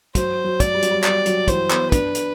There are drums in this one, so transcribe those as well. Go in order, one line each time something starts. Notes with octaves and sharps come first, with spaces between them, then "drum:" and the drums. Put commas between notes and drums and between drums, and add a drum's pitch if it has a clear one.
F#3 C5, drum: kick, hi-hat
F#3
D5, drum: kick, hi-hat
G3
F#3, drum: hi-hat
G3
G3 D5, drum: clap
F#3, drum: hi-hat
E3 C5, drum: kick, hi-hat
B3, drum: clap
D4 B4, drum: kick, hi-hat
drum: hi-hat